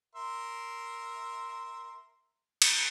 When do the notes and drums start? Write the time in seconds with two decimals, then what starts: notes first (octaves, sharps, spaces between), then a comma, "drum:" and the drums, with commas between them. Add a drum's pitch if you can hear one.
0.15 A#4 E5 C6
2.62 drum: cymbal